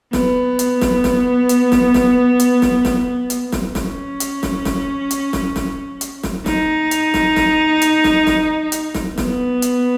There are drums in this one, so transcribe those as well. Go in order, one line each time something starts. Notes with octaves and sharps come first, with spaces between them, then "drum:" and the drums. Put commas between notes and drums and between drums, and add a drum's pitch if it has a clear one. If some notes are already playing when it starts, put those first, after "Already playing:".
B3, drum: snare
drum: hi-hat
drum: snare
drum: snare
drum: hi-hat
drum: snare
drum: snare
drum: hi-hat
drum: snare
drum: snare
drum: hi-hat
drum: snare
C#4, drum: snare
drum: hi-hat
drum: snare
drum: snare
drum: hi-hat
drum: snare
drum: snare
drum: hi-hat
drum: snare
D#4, drum: snare
drum: hi-hat
drum: snare
drum: snare
drum: hi-hat
drum: snare
drum: snare
drum: hi-hat
drum: snare
B3, drum: snare
drum: hi-hat